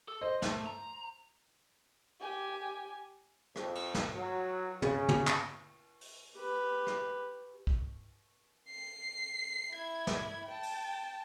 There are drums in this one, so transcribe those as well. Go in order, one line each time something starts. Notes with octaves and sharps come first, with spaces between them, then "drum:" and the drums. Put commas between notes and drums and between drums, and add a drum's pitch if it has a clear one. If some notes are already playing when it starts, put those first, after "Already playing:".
A4
C5 D#5
A3, drum: snare
A#5
G4 G#5
F2, drum: rim click
drum: cymbal
drum: snare
F#3
C#3, drum: tom
drum: tom
drum: clap
drum: open hi-hat
G4 B4
drum: rim click
drum: kick
C7
E4 G#6
drum: snare
G5 A5
drum: open hi-hat